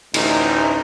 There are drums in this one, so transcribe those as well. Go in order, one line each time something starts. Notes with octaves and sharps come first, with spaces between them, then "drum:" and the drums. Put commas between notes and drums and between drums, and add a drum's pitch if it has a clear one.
A1 D2 D#4, drum: cymbal